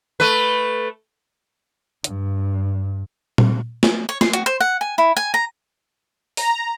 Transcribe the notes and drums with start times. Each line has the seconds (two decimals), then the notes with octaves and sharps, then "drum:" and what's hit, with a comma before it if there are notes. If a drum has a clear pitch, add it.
0.20 A3 B4
2.04 G2, drum: hi-hat
3.38 drum: tom A#2
3.83 drum: snare
4.09 C#5
4.21 C6, drum: snare
4.33 F#4, drum: hi-hat
4.46 C5
4.60 F#5
4.81 G#5
4.98 E4
5.17 G#5
5.34 A#5
6.37 A#5, drum: open hi-hat